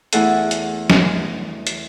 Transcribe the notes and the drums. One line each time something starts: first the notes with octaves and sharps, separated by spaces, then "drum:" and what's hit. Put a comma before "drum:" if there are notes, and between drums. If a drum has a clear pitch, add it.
E2 A3 E4 G#4 A4 F#5, drum: hi-hat
drum: hi-hat
drum: snare
drum: hi-hat